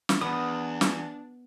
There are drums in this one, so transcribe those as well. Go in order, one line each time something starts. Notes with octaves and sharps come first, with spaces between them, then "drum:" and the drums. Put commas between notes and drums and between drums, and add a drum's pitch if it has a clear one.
drum: snare
E2 B3 D4 D#6
drum: snare